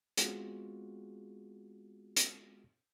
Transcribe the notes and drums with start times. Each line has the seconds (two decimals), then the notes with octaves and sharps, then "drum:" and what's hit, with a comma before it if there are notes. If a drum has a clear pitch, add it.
0.17 G#3 B3 C4 F4 F#4 G#4, drum: hi-hat
2.16 drum: hi-hat